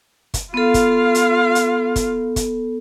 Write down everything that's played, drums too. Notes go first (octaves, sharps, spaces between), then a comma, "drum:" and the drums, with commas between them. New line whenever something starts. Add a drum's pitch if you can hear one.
drum: kick, hi-hat
B3 F4 A4 F5
drum: kick, hi-hat
drum: hi-hat
drum: hi-hat
drum: kick, hi-hat
drum: kick, hi-hat